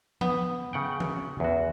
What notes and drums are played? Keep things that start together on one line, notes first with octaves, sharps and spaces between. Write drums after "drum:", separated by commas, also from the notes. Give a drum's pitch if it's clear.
B3, drum: tom F3
C#3 F#5 G5
drum: tom E3
E2 F#4